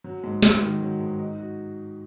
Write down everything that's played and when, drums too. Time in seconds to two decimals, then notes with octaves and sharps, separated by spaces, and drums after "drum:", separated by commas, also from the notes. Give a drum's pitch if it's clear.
0.04 F#3
0.24 G#2
0.42 G#2, drum: snare
0.62 D#3
0.81 F#3
1.00 G#2
1.19 D#4
1.39 F#4